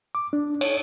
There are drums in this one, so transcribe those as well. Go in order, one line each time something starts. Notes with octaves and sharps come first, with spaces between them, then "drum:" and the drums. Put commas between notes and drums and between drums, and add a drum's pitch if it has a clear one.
D6
D4
C#5, drum: cymbal